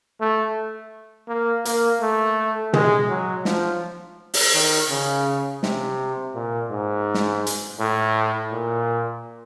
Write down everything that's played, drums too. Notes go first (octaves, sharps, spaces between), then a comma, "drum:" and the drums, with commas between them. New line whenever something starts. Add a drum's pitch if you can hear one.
A3
A#3
A#3, drum: hi-hat
A3
G#3, drum: tom
F#3
F3, drum: snare
drum: open hi-hat
D#3
C#3
C3, drum: snare
A#2
G#2
drum: snare
drum: hi-hat
A2
A#2